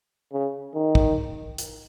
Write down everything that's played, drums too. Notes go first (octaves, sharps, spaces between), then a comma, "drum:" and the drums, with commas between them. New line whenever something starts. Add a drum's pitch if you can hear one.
C#3
D#3
drum: kick
drum: hi-hat